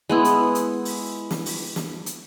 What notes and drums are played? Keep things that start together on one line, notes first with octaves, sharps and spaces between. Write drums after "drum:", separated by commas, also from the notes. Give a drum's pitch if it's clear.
G#3 B3 E4
drum: hi-hat
drum: hi-hat
drum: open hi-hat
drum: snare
drum: open hi-hat
drum: snare
drum: hi-hat